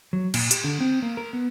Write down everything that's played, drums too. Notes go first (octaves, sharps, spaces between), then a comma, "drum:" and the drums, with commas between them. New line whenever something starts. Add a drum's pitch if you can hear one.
F#3
A#2, drum: cymbal
G4, drum: hi-hat
D3
C4
A#3
A#4
B3